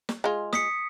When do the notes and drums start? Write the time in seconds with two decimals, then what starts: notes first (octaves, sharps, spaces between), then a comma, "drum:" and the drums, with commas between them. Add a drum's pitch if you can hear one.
0.09 drum: snare
0.24 G#3 F4
0.53 D#6 B6 C#7, drum: snare